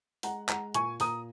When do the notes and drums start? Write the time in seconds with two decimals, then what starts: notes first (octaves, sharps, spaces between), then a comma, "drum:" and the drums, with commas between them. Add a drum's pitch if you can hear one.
0.23 G#3 F#5 A#5, drum: open hi-hat
0.49 G#3 F#5 A#5, drum: clap
0.74 A#2 G#5 C#6, drum: hi-hat
1.00 A#2 A#5 D#6, drum: open hi-hat